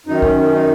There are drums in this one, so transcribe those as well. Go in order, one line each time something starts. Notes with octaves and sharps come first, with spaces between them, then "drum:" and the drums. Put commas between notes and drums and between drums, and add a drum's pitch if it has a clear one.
F#2 D#3 D#4
C#4, drum: kick
C#4
D#4